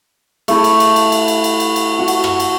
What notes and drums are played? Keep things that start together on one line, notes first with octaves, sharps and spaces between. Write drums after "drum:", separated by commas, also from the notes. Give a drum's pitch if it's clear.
A3 E4, drum: cymbal
drum: cymbal
drum: cymbal
drum: cymbal
drum: cymbal
drum: cymbal
drum: cymbal
drum: cymbal
drum: cymbal
F#4
drum: cymbal
drum: rim click
drum: cymbal